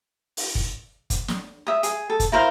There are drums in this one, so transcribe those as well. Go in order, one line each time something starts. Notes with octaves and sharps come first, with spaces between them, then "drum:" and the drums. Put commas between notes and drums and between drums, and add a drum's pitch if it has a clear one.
drum: open hi-hat
drum: kick
drum: kick, hi-hat
drum: snare
E5 D#6
G#4, drum: hi-hat
A4
drum: kick, hi-hat
E4 A#4 C5 F5